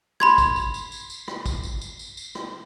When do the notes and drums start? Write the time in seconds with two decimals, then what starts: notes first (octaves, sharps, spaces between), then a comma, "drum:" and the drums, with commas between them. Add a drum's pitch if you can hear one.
0.20 B5 C6 G#6, drum: rim click
0.38 drum: kick, tambourine
0.56 drum: tambourine
0.74 drum: tambourine
0.92 drum: tambourine
1.10 drum: tambourine
1.28 drum: rim click
1.46 drum: kick, tambourine
1.63 drum: tambourine
1.81 drum: tambourine
1.99 drum: tambourine
2.17 drum: tambourine
2.35 drum: rim click